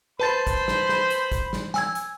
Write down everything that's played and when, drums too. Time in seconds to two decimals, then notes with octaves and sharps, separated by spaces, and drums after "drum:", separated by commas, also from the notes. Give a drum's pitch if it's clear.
0.20 B4 C5 A5 B5 A6
0.47 drum: kick, hi-hat
0.68 drum: snare
0.89 drum: snare
1.10 drum: hi-hat
1.32 drum: kick, hi-hat
1.53 drum: snare
1.74 G#5 E6 G#6, drum: snare
1.95 drum: hi-hat